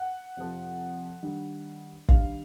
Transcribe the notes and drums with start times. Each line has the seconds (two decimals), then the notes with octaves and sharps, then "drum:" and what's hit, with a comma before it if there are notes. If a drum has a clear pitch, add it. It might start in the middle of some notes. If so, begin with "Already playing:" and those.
Already playing: F#5
0.37 F2 C3 F3
1.23 G2 D#3 G3
2.09 G2 D#3 G3 F5, drum: kick